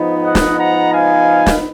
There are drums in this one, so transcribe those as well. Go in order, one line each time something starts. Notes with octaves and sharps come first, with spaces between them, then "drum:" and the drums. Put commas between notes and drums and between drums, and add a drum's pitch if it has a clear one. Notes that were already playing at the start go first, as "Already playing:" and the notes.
Already playing: G#2 F3 B3 D#4
D#5 F#5
drum: snare
F#5 A#5
F5 G#5
drum: snare